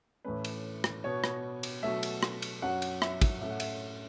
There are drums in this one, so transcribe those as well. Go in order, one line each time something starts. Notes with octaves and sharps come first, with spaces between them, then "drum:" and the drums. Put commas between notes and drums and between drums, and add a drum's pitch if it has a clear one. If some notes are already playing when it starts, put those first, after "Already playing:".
A2 E3 A3 C#4 B4
drum: cymbal
drum: rim click
B2 B3 C#5
drum: rim click
drum: cymbal
B2 F#3 A3 E5
drum: cymbal
drum: rim click
drum: cymbal
F#2 F#3 C#4 F#5
drum: cymbal
E5, drum: rim click
drum: kick, cymbal
A2 A3 C#4 E5
F#5
E5, drum: cymbal